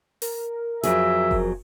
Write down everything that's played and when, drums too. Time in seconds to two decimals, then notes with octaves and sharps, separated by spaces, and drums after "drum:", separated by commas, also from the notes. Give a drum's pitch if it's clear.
0.22 A#4, drum: open hi-hat
0.83 F2 F#3 G#4 E5, drum: hi-hat
1.31 drum: kick F1